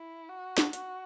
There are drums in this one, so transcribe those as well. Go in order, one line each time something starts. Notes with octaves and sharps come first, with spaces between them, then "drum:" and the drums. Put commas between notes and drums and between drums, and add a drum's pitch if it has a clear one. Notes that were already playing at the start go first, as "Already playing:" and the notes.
Already playing: E4
F#4
drum: snare
F#4, drum: hi-hat